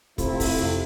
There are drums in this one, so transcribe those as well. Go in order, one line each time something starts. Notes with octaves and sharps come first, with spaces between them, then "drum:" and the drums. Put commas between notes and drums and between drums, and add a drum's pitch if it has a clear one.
C3 A3 E4 F4, drum: kick, hi-hat
drum: kick, open hi-hat
drum: tom F2